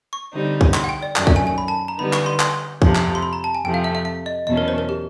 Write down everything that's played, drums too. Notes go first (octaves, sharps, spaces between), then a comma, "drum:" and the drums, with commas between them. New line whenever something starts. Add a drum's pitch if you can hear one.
C#6
D3 G3 C4 D#4
drum: kick
C6, drum: clap
F#5
G5
D5
F#2 D#3 F#3 A3 D5, drum: clap
E5, drum: kick
G#5
G#5
B5
A5
A#5
D3 G3 B3 D#4 B5
C#6, drum: clap
C6
C6, drum: clap
F2 C3 F3, drum: kick
drum: clap
C6
B5
A#5
A5
G#5
F2 C3 F3 A3 G5
F5
E5
E5
E5
D#5
E2 B2 F#3 A3 C#4 D#5
A#4
C5
A#4
G4